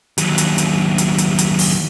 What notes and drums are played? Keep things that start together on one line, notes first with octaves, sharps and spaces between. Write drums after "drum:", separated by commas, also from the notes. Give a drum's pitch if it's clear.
D#2 F#3, drum: hi-hat
drum: hi-hat
drum: hi-hat
drum: hi-hat
drum: hi-hat
drum: hi-hat
drum: open hi-hat